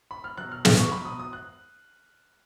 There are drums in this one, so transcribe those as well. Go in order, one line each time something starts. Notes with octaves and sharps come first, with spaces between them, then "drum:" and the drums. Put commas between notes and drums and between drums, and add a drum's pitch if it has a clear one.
B5
F6
B2 F#3 F#6
F6
D#6, drum: snare
C#6
B2 F#3 B5
D#6
D#6
F#6